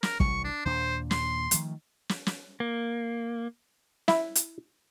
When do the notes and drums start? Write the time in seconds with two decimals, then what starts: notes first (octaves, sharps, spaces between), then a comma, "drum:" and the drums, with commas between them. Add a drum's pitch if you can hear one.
0.03 A#4, drum: snare
0.20 C2 E3 G3 C#6, drum: kick
0.44 D4
0.65 D#2 A#2 D4 C5
1.11 C6, drum: snare
1.51 D#3 F3 A3, drum: hi-hat
2.09 drum: snare
2.26 drum: snare
2.60 A#3
4.08 E4, drum: snare
4.35 drum: hi-hat